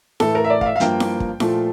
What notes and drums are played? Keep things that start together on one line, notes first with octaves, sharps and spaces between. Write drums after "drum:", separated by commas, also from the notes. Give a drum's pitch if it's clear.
A2 E3 A3 A4, drum: snare E4
A#4
E5
D5
F5, drum: kick
E5
F5
G2 F3 A#3 G5, drum: hi-hat
drum: snare E4
drum: kick
A#2 F3 A3, drum: snare E4